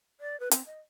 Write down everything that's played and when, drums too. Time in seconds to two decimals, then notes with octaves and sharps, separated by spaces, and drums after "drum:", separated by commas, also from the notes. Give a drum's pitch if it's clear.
0.20 D5
0.40 B4
0.51 C4, drum: hi-hat
0.66 D#5